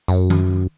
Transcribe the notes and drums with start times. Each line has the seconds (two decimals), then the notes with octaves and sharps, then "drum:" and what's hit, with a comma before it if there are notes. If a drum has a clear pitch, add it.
0.08 F#2, drum: tambourine
0.30 drum: tom D#3